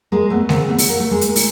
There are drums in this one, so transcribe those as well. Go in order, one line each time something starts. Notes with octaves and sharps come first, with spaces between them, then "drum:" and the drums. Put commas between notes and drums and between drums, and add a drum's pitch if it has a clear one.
G#3 A#3
A3 B3
A#3 C4, drum: snare G#3
A3 B3
drum: open hi-hat
A#3
A3
G#3 A#3
drum: hi-hat
drum: open hi-hat